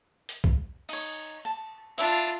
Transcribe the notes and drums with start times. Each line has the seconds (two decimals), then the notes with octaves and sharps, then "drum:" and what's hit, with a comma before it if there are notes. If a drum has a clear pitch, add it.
0.29 drum: hi-hat
0.44 drum: kick
0.89 D#4 C#5, drum: cymbal
1.45 A5
1.98 D4 E4 F4 A4 E5, drum: tambourine